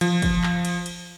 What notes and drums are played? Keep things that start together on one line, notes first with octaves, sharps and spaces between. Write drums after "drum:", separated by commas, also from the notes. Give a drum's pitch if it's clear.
F3, drum: cymbal
drum: kick, cymbal
drum: clap
drum: cymbal
drum: cymbal